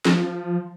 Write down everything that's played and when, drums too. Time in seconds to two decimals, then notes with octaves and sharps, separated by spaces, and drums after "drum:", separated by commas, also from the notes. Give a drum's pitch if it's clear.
0.05 F3, drum: snare